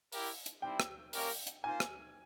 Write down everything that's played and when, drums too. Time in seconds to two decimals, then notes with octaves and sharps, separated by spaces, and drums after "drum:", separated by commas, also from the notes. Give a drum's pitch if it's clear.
0.12 E4 G4 A#4, drum: open hi-hat
0.46 drum: hi-hat
0.62 G3 C4 E4 G5
0.80 drum: rim click
1.13 G3 A#3 C#4 G4 A#4, drum: open hi-hat
1.47 drum: hi-hat
1.64 A#3 F4 C5 G#5
1.80 drum: rim click